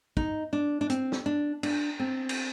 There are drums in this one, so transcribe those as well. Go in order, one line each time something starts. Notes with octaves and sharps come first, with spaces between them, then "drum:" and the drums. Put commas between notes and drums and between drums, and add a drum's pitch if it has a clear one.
D#4, drum: kick
D4
D4
C4, drum: hi-hat
drum: snare
D4
D4, drum: cymbal
C4
drum: cymbal